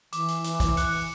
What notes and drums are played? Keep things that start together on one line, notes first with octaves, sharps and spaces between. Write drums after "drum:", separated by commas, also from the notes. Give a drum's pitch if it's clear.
E3 D6, drum: hi-hat
drum: hi-hat
drum: hi-hat
drum: kick, hi-hat
F#6 C#7, drum: hi-hat
drum: open hi-hat